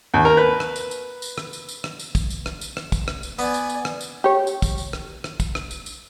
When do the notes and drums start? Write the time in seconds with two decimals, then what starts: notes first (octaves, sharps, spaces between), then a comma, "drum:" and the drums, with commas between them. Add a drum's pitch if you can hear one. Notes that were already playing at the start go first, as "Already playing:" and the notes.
0.14 D#2
0.25 A#4
0.37 B4
0.60 drum: rim click
0.76 drum: tambourine
0.91 drum: tambourine
1.22 drum: tambourine
1.38 drum: rim click
1.53 drum: tambourine
1.69 drum: tambourine
1.84 drum: rim click
1.99 drum: tambourine
2.15 drum: kick, tambourine
2.30 drum: tambourine
2.46 drum: rim click
2.61 drum: tambourine
2.77 drum: rim click
2.92 drum: kick, tambourine
3.08 drum: rim click
3.23 drum: tambourine
3.39 B3 D5 G#5, drum: tambourine
3.54 drum: tambourine
3.70 drum: tambourine
3.85 drum: rim click
4.01 drum: tambourine
4.24 G4 C#5
4.47 drum: tambourine
4.62 drum: kick, tambourine
4.78 drum: tambourine
4.93 drum: rim click
5.24 drum: rim click
5.40 drum: kick, tambourine
5.55 drum: rim click
5.71 drum: tambourine
5.86 drum: tambourine